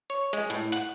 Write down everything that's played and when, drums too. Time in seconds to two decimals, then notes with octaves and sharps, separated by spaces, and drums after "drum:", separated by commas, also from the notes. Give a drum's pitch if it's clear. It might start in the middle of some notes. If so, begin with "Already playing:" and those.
0.10 C#5
0.33 G#3, drum: hi-hat
0.50 A2, drum: hi-hat
0.72 F#5, drum: hi-hat